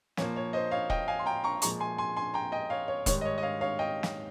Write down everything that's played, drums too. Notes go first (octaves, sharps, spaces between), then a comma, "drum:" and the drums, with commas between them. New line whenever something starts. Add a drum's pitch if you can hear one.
A#2 F3 A#3 C#5, drum: snare
C#5
C5 D#5
C#5 F5
D#5 G5, drum: kick E1
F5 G#5
C6
G5 A#5
A#5 C#6
A#2 F3 G#3 A#5 C#6, drum: hi-hat
G#5 C6
G#5 C6
G#5 C6
G5 A#5
D#5 G5
C#5 F5
C#5
G#2 D#3 G3 C#5, drum: kick E1, hi-hat
D#5
C#5
D#5
C#5 F5
C#5 F5
D#5 G5
drum: snare